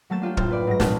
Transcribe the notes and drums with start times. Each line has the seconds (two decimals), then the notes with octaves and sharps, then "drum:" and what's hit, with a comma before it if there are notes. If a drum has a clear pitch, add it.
0.10 F#3 A3 A#3 A6 E7
0.22 D4 F4 G4 A4
0.37 F#1 A2 A#3 C5 F6 A6, drum: kick
0.51 B4 D5
0.67 G#2 F#3 A#6
0.80 E1 C2 A#2 A5 F6, drum: snare